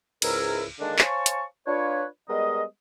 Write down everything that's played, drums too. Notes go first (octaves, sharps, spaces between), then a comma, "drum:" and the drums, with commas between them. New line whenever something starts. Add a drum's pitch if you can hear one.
C#2 G#2 E4 A#4, drum: cymbal
D3 D#3 G#3 A#3 D4
C5 C#5 F5 G#5 A5 C#6, drum: clap
drum: hi-hat
D4 F4 B4 C#5
G3 G#3 B3 A#4 D#5